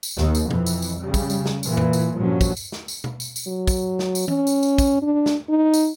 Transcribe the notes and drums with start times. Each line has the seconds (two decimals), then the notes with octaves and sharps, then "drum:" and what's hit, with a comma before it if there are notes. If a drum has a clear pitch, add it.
0.03 drum: tambourine
0.17 D#2, drum: snare
0.35 drum: tambourine
0.51 F2 E3, drum: tom B2
0.66 drum: tambourine
0.82 drum: tambourine
1.01 C#3 G3
1.14 drum: kick, tambourine
1.30 drum: tambourine
1.46 drum: snare
1.63 A#2 E3, drum: tambourine
1.77 drum: tom F2
1.93 drum: tambourine
2.17 G2 A#2 F3 F#3 C#4
2.41 drum: kick, tambourine
2.57 drum: tambourine
2.72 drum: snare
2.88 drum: tambourine
3.04 drum: tom B2
3.20 drum: tambourine
3.36 drum: tambourine
3.47 F#3
3.67 drum: kick, tambourine
3.99 drum: snare
4.15 drum: tambourine
4.28 C#4, drum: tom E3
4.47 drum: tambourine
4.63 drum: tambourine
4.78 drum: kick, tambourine
5.02 D4
5.26 drum: snare
5.49 D#4
5.74 drum: tambourine